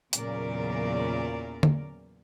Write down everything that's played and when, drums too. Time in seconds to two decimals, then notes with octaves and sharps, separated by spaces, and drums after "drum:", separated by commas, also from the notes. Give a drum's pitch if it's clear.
0.13 E2 A#2 C#3 F#3 A#4 D5, drum: hi-hat
1.63 drum: tom D3